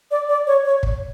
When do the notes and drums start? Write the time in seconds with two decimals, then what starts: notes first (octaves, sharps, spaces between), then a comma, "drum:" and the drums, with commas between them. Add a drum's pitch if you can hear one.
0.11 D5
0.29 D5
0.47 C#5
0.65 C#5
0.83 drum: kick